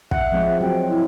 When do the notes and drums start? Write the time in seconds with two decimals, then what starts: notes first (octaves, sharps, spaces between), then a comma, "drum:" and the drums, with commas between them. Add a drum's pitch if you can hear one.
0.11 E5 F#5, drum: kick
0.32 F3 G#3 C4
0.61 F#3 C4 G5
0.89 E4